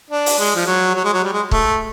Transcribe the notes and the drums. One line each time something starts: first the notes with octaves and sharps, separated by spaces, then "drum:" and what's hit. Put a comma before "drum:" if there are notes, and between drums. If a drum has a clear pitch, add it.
D4
drum: open hi-hat
G#3
F3
F#3
F#3
G#3
F#3
G3
G#3
A3, drum: kick